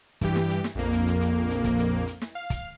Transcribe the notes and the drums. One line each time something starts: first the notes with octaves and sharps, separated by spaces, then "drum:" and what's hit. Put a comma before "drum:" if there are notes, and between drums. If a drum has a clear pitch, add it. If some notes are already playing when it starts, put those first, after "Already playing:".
G2 E3 G4, drum: kick, hi-hat
drum: snare
drum: hi-hat
drum: snare
A#1 F2 A#3
drum: hi-hat
drum: hi-hat
drum: hi-hat
drum: hi-hat
drum: kick, hi-hat
drum: hi-hat
drum: hi-hat
drum: snare
F5
drum: kick, hi-hat